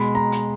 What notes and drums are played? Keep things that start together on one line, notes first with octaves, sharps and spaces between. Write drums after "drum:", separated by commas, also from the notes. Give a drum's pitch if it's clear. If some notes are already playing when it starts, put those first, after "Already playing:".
Already playing: B2 G#3 B5
A#5
drum: hi-hat